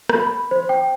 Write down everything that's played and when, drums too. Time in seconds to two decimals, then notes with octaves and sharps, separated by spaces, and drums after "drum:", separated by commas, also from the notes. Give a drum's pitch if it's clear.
0.09 drum: rim click
0.20 B5
0.51 C5
0.69 G5